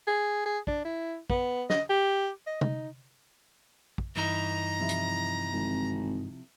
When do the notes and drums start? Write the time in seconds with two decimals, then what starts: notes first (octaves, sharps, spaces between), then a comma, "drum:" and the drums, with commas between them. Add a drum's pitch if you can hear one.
0.07 G#4
0.46 G#4
0.67 D4, drum: kick
0.84 E4
1.30 B3, drum: kick
1.70 D#5, drum: snare
1.90 G4
2.47 D#5
2.61 D#4, drum: tom C3
3.98 drum: kick
4.16 G2 E3 D#4 A#5
4.79 C3 F3 E4
4.89 drum: hi-hat
5.53 G#1